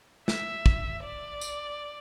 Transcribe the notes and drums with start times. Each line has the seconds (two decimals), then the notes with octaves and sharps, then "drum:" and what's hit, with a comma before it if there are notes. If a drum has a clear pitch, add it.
0.28 E5, drum: snare
0.66 drum: kick
1.04 D5
1.41 drum: tambourine